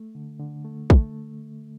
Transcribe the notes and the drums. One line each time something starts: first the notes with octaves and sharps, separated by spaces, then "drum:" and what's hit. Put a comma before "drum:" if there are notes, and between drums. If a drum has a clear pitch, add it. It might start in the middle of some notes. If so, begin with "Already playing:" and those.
Already playing: A3
D3
D3
A3
A3, drum: kick